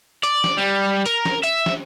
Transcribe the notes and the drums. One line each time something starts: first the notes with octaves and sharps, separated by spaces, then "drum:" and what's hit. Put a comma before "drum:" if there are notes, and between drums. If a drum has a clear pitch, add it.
D5, drum: hi-hat
drum: snare
G3
A#4, drum: hi-hat
drum: snare
E5, drum: hi-hat
drum: snare